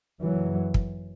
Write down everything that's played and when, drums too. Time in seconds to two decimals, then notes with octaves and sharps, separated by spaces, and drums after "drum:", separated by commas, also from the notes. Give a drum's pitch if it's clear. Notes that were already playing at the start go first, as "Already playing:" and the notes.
0.21 F#1 F#2 C#3 E3 F#3
0.74 drum: kick